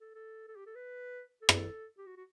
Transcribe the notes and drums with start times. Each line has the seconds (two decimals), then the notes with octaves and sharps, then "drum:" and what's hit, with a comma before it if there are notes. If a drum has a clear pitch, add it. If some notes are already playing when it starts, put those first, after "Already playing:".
0.01 A4
0.15 A4
0.48 A4
0.56 G4
0.67 A4
0.75 B4
1.42 A4
1.49 G4, drum: rim click
1.57 A4
1.98 G4
2.07 F#4
2.17 F#4